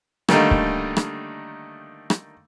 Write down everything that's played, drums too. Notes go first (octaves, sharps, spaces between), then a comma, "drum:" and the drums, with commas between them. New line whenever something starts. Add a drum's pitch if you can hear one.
D3 D#3 G3 A3 A#3 D#4, drum: rim click
drum: kick
drum: rim click
drum: rim click